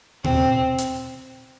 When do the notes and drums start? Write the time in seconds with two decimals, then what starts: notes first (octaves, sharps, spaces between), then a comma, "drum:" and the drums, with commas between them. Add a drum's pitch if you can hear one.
0.24 C4, drum: tom A#2
0.78 drum: hi-hat